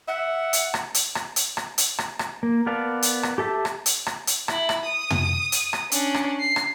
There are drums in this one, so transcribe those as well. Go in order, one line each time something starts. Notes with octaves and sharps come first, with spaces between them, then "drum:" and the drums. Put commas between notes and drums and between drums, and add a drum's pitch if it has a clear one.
E5 F#5
drum: hi-hat
drum: rim click
drum: hi-hat
drum: rim click
drum: hi-hat
drum: rim click
drum: hi-hat
drum: rim click
drum: rim click
A#3
B3 A#4 D5 F5 A5
drum: hi-hat
drum: rim click
G4 A4 E5 A5
drum: rim click
drum: hi-hat
drum: rim click
drum: hi-hat
E4, drum: rim click
drum: rim click
D#6
drum: tom
drum: hi-hat
drum: rim click
C#4 D4, drum: hi-hat
drum: rim click
C7
drum: rim click